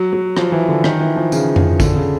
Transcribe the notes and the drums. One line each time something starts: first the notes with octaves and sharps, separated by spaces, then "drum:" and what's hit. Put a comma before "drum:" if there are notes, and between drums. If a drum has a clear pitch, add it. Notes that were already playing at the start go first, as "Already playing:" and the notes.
Already playing: F#3
F#3
F3, drum: rim click
E3
D3
D#3, drum: rim click
E3
F3
C#3, drum: tambourine
drum: tom F2
D3, drum: kick, tambourine
C#3